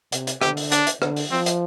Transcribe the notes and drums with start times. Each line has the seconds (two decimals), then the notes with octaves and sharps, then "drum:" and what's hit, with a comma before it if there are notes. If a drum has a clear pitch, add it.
0.12 C3, drum: hi-hat
0.27 drum: hi-hat
0.41 D3 G4, drum: rim click
0.57 drum: open hi-hat
0.72 D4, drum: hi-hat
0.87 drum: hi-hat
1.02 D3, drum: rim click
1.16 drum: open hi-hat
1.31 F3 C4
1.46 drum: hi-hat